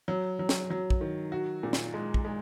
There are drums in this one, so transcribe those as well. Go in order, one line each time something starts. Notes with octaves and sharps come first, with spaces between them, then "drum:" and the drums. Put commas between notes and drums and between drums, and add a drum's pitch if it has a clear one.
F#3
F#3
drum: snare
F#3
drum: kick
D#3
F#4
A#2
drum: snare
G#3
drum: kick
G#3